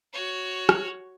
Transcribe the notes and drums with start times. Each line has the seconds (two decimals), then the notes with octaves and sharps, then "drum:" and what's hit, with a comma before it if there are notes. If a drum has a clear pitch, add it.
0.14 F#4 C#5
0.69 drum: rim click